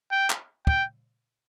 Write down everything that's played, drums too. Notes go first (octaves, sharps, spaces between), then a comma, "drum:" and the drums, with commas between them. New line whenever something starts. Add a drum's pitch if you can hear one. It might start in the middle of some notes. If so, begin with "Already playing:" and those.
G5
drum: clap
G5, drum: kick